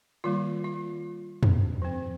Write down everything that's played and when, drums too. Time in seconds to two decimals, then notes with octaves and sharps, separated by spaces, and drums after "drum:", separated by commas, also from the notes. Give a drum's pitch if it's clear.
0.24 D#3 G3 A#3 F4
0.64 F4
1.43 drum: tom
1.82 F3 C4